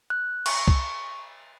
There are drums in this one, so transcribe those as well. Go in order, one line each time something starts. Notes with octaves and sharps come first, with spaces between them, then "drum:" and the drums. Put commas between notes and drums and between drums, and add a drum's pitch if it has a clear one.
F#6
C#6, drum: cymbal
drum: kick C2